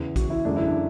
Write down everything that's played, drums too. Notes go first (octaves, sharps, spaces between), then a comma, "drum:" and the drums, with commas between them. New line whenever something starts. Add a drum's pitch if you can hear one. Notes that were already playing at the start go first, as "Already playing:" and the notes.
Already playing: E2 C#3 E3 B3
F#4, drum: kick, hi-hat
E4
F#2 D3 G#3 D4
E4
D4